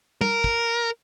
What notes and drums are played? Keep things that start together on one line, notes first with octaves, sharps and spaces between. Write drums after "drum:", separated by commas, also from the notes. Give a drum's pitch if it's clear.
A#4, drum: tom
drum: kick